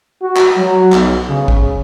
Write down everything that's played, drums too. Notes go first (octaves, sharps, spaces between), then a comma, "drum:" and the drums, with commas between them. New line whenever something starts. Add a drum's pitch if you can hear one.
F#4
drum: clap
F#3
B1, drum: clap
C#3
drum: kick